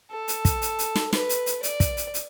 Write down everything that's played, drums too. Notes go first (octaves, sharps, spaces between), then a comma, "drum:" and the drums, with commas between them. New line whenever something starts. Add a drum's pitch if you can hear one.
A4
drum: hi-hat
drum: kick, hi-hat
drum: hi-hat
drum: hi-hat
drum: snare
B4, drum: snare
drum: hi-hat
drum: hi-hat
D5, drum: hi-hat
drum: kick, hi-hat
drum: hi-hat
drum: hi-hat